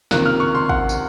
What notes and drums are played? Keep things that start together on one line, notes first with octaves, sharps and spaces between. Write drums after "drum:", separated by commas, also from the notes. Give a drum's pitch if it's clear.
C#2 C3 D#3 A#3 F#6, drum: snare
F6
C#6
C6
F#5, drum: kick
drum: tambourine